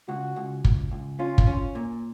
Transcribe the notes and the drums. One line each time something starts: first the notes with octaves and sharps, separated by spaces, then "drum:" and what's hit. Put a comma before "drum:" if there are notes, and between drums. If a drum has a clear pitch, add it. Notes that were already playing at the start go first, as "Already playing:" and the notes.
C#2 F#4
C#2
C#2, drum: kick
C#2
C#4 F4
drum: kick
C#4
A#2